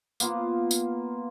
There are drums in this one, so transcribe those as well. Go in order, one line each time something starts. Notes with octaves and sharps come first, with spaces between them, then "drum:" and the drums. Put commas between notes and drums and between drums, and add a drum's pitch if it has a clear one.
A#3 B3 F4, drum: tambourine
drum: tambourine